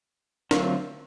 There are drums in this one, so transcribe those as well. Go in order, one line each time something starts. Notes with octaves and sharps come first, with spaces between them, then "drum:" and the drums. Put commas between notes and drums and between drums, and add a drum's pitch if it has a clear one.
D3 F#3 A3 C4 F4, drum: snare